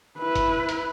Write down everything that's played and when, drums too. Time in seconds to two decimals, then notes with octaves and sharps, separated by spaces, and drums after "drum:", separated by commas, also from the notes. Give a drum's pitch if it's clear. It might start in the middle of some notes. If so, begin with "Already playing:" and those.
0.19 E4 B4
0.36 drum: kick, hi-hat
0.69 drum: hi-hat